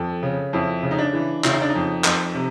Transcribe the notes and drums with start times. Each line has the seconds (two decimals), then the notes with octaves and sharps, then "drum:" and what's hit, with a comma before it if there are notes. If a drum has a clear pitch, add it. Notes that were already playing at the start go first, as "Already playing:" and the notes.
Already playing: F2 A4
0.23 C#3
0.53 F2 E4
0.83 C#3
0.91 D#4
0.98 D4
1.13 E3
1.44 C#3 E4, drum: clap
1.53 D#4
1.61 D4
1.69 D#4
1.75 F2
2.04 F2, drum: clap
2.35 C3